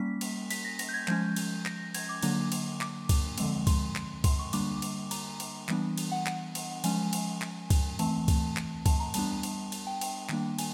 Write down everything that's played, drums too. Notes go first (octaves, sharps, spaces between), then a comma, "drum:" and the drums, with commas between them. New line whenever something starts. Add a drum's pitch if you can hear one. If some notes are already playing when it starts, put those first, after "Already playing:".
Already playing: G3 A#3 C#4 B6
drum: cymbal
B6, drum: cymbal
A#6
A#6, drum: cymbal
G6
G#6
F3 G#3 C#4 G6, drum: clap
drum: cymbal
A#6, drum: clap
G#6, drum: cymbal
D6
D3 F#3 A#3 D4, drum: cymbal
drum: cymbal
D6, drum: clap
drum: kick C#2, cymbal
D3 F3 G#3 C4, drum: cymbal
C6, drum: kick C#2, cymbal
drum: clap
C6, drum: kick C#2, cymbal
C#6
D3 G3 A#3 D4 D6, drum: cymbal
drum: cymbal
A#5, drum: cymbal
drum: cymbal
E3 G3 B3 D4, drum: clap
drum: cymbal
F#5
F#5, drum: clap
drum: cymbal
F3 G#3 C#4 G#5, drum: cymbal
drum: cymbal
drum: clap
drum: kick C#2, cymbal
E3 A3 C4 A5, drum: cymbal
drum: kick C#2, cymbal
drum: clap
A5, drum: kick C#2, cymbal
A#5
G3 B3 D4 A5, drum: cymbal
drum: cymbal
drum: cymbal
G5
G5, drum: cymbal
D#3 G3 A#3 D4, drum: clap
G#5, drum: cymbal